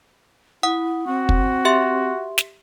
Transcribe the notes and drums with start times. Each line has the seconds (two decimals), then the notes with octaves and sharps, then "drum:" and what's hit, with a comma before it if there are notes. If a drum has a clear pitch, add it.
0.63 E4 F#5 D#6
1.07 C4 F#4
1.29 drum: kick
1.65 G4 E5 C6
2.38 drum: snare